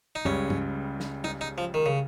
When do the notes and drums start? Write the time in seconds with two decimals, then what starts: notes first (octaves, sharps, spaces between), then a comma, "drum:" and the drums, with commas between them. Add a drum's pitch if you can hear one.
0.15 D#4
0.25 C#2 C#3 G3 C#4, drum: tom F#2
0.50 drum: tom
1.00 drum: snare
1.24 D#4, drum: tom G3
1.41 D#4
1.58 F3
1.74 D#3
1.86 C#3